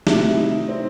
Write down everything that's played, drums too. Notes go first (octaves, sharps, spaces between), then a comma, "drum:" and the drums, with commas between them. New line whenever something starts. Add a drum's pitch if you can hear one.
C3 D#3 F#3 A3 E4, drum: snare
D#4
C4